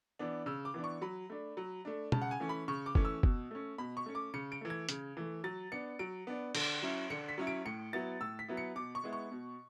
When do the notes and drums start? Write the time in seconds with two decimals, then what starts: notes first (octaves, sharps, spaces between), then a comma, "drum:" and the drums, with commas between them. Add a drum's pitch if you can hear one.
0.19 E3 B3 D4
0.46 C#3 E6
0.65 D6
0.74 E3 B3 D4
0.84 C#6
1.02 F#3 B5
1.30 A3 D4
1.57 F#3
1.85 A3 D4
2.12 C#3 A5, drum: tom
2.22 F#5
2.31 G#5
2.40 E3 A3 C#4
2.49 B5
2.68 C#3 C#6
2.86 D6
2.95 E3 A3 C#4, drum: kick F#1
3.05 E6
3.23 B2, drum: kick F#1
3.51 A3 C#4
3.78 B2 B5
3.97 C#6
4.06 A3 C#4
4.15 D6
4.34 C#3 C#7
4.52 D7
4.61 E3 A3
4.70 G#6
4.89 C#3, drum: hi-hat
5.17 E3 A3
5.44 F#3 A6
5.72 B3 D4 C#7
5.99 F#3 D7
6.27 B3 D4
6.55 D3, drum: cymbal
6.82 F#3 C#4 E4
7.10 D3 C#7
7.29 B6
7.38 F#3 C#4 E4
7.47 D7
7.65 A2 C#7
7.93 F#3 B3 E4 A6
8.21 A2 E6
8.39 B6
8.48 F#3 B3 E4
8.57 C#7
8.76 B2 D6
8.95 C#6
9.04 G#3 B3 E4
9.13 C#6
9.31 B2